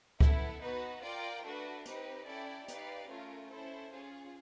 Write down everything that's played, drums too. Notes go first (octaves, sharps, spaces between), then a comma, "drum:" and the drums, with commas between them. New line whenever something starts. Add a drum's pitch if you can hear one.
B3 E4 A4, drum: kick C#2
B3 D#4 F#4 B4
F4 A#4 D5 G5
A3 D4 F#4 B4
C4 D#4 G4 B4, drum: hi-hat
C#4 E4 A4 D5 G5
D#4 G4 B4 D5 F5, drum: hi-hat
A3 C#4 F4 A#4
C#4 E4 A4 C5
C#4 F4 G#4